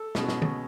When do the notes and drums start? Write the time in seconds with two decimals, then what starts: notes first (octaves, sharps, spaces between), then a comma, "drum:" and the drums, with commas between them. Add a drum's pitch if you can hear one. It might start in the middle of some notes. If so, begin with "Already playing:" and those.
Already playing: A4
0.15 B2 G#3 C#4, drum: snare
0.29 drum: snare
0.42 drum: tom